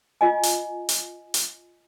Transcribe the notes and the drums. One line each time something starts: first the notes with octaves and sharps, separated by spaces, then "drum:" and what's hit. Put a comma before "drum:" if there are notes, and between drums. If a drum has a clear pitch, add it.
F4 D#5 G#5
drum: hi-hat
drum: hi-hat
drum: hi-hat